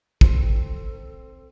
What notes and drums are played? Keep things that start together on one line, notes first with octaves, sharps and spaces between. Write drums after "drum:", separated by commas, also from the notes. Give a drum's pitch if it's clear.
C4 A4, drum: kick